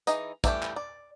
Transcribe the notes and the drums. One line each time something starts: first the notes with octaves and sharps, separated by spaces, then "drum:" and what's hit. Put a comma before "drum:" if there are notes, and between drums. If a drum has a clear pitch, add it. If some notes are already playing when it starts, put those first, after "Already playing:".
E3 D#4 G#4 D#5, drum: hi-hat
E3 G3 A3 D4 G4, drum: kick, hi-hat
drum: clap
D5